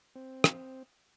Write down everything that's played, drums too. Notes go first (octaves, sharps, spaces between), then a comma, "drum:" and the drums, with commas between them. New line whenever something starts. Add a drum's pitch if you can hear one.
C4
drum: rim click